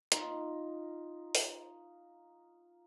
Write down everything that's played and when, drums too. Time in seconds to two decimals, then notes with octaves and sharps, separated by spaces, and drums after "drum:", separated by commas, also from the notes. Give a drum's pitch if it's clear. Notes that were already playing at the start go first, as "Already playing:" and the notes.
0.12 D#4 F4, drum: hi-hat
1.35 drum: open hi-hat